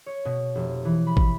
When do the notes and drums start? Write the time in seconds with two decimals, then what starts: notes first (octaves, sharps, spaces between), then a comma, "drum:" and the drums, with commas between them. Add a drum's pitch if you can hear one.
0.06 C#5
0.25 B2
0.55 F1
0.85 E3
1.07 B5
1.17 drum: kick